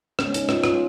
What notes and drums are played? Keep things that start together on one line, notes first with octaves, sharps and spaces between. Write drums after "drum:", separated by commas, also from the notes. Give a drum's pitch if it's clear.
C#3 G#3 B3 C#4, drum: rim click
D#4, drum: hi-hat
C#4 F4, drum: rim click
C#4 F4, drum: rim click